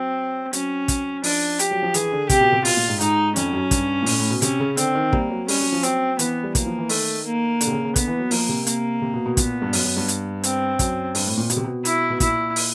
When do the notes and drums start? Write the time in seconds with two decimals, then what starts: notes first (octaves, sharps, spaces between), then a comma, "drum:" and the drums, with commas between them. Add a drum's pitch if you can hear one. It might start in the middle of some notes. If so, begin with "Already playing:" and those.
Already playing: F#3 C4
0.53 F#3 C#4, drum: hi-hat
0.88 drum: kick, hi-hat
1.24 F3 D4, drum: open hi-hat
1.59 G4, drum: hi-hat
1.71 F#3
1.83 F3
1.94 E3 G#4, drum: hi-hat
2.12 D3
2.29 C3 G4, drum: kick, hi-hat
2.41 B2
2.52 C3
2.65 B2 F4, drum: open hi-hat
2.77 A#2
2.89 G#2
3.00 G#2 D#4, drum: hi-hat
3.36 F2 C#4, drum: hi-hat
3.53 F#2
3.71 G2, drum: kick, hi-hat
4.02 A#2
4.06 A2, drum: open hi-hat
4.19 A2
4.30 B2
4.42 C3 C#4, drum: hi-hat
4.60 C#3
4.77 D3 C4, drum: hi-hat
4.95 D#3
5.13 G3 A#3, drum: kick
5.30 F#3
5.48 G3 C#4, drum: open hi-hat
5.60 F#3
5.72 F3
5.83 F#3 C4, drum: hi-hat
6.19 E3 B3, drum: hi-hat
6.43 G3
6.55 F#3 A#3, drum: kick, hi-hat
6.66 F3
6.78 E3
6.89 D#3 A3, drum: open hi-hat
7.25 A#3
7.61 D3, drum: hi-hat
7.67 C3
7.72 C#3
7.84 C#3
7.96 D3 B3, drum: kick, hi-hat
8.07 E3
8.19 F#3
8.31 F3 A#3, drum: open hi-hat
8.49 C3
8.67 A#3, drum: hi-hat
9.02 C3
9.14 B2
9.26 B2
9.37 A#2 B3, drum: kick, hi-hat
9.62 G2
9.73 F#2, drum: open hi-hat
9.85 F#2
9.97 G2
10.08 drum: hi-hat
10.43 C4, drum: hi-hat
10.79 F#2, drum: kick, hi-hat
11.15 G2, drum: open hi-hat
11.26 A2
11.38 A#2
11.50 B2, drum: hi-hat
11.57 C3
11.64 B2
11.85 E4, drum: hi-hat
12.10 B2
12.20 A#2 E4, drum: kick, hi-hat
12.56 drum: open hi-hat